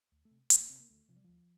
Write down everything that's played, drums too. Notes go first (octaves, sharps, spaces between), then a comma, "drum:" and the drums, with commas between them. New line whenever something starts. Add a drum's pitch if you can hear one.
D2
A3
C3
D2 A3, drum: hi-hat
A#3
C3 C4
A#3
D2 A3
C3 F3
G3
D2 F3